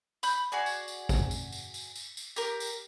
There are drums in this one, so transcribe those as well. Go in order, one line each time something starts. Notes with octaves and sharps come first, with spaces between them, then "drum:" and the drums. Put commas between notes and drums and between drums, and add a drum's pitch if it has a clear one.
B5 G6, drum: tambourine
F#4 G#4 D5
drum: tambourine
drum: tambourine
drum: kick A1, tambourine
drum: tambourine
drum: tambourine
drum: tambourine
drum: tambourine
drum: tambourine
G4 A#4, drum: tambourine
drum: tambourine